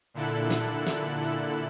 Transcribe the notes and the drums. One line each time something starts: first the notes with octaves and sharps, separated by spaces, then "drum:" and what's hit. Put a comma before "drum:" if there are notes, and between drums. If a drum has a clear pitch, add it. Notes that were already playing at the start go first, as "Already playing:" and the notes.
A#2 D3 E4 A4 F#6
drum: snare
drum: snare
drum: hi-hat